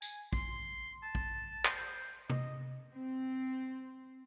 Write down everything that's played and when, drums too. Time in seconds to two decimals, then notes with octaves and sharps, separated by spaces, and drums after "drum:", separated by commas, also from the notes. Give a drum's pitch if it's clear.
0.02 G#5, drum: tambourine
0.33 C6, drum: kick
1.03 A5
1.15 drum: kick
1.65 C5, drum: clap
2.30 D#5, drum: tom C3
2.92 C4